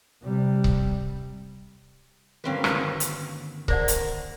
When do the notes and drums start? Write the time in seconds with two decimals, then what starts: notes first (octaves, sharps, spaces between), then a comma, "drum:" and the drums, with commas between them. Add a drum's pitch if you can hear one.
0.23 C3 G3
0.64 drum: kick C#1
2.44 G2 D3 D#3 A#3 C4 C#4 F#4 B4
2.64 drum: rim click
3.00 drum: hi-hat
3.68 A#4 C5 D5 F#5, drum: kick C#1
3.88 drum: hi-hat